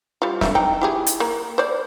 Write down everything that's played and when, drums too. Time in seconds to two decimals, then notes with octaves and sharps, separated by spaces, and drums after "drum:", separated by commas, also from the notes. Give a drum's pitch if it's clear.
0.22 G3 F4
0.41 D3 C#4 E5, drum: snare
0.55 E3 D#4 G5
0.81 E4 G4 G#4
1.06 drum: hi-hat
1.20 A#3
1.58 C5 D5